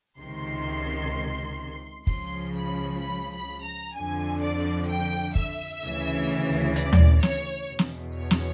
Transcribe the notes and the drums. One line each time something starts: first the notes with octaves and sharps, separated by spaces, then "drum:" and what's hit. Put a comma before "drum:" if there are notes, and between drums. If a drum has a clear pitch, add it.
C#2 C3 D#3 C6
C#2 C#3 F3 C6, drum: kick
B5
B5
B5
A#5
F2 D3 F3 G#5
D5
G5
E5, drum: kick
D2 C#3 E3
D5, drum: hi-hat
drum: tom D#2
C#5, drum: snare
E2 B2
drum: snare
C#5
drum: snare